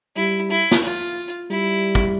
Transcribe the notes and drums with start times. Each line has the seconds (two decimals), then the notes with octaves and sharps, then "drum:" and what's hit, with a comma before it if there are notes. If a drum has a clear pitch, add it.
0.16 G3 E4
0.51 E4
0.71 drum: snare
0.83 F4
1.50 G3 E4
1.95 drum: kick